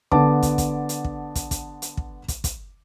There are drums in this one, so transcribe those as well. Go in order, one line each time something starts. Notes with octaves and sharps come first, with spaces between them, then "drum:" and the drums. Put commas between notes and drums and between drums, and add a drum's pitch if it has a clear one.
D3 B3 A5 D6, drum: kick
drum: kick, hi-hat
drum: kick, hi-hat
drum: hi-hat
drum: kick
drum: kick, hi-hat
drum: kick, hi-hat
drum: hi-hat
drum: kick
drum: kick, hi-hat
drum: kick, hi-hat